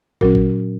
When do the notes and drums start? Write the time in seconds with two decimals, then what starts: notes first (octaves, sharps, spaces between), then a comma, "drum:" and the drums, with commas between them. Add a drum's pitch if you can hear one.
0.21 A#2 F#3 C#4 F#4 A#4, drum: kick
0.35 drum: kick